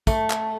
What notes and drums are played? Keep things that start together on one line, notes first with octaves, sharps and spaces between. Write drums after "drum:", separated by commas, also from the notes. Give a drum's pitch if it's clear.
A3, drum: kick, tambourine
drum: clap